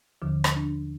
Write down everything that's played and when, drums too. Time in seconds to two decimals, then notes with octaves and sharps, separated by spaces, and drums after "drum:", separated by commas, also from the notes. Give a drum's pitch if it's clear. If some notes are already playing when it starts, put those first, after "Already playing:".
0.22 D#2 D3 F3
0.44 drum: rim click
0.56 D4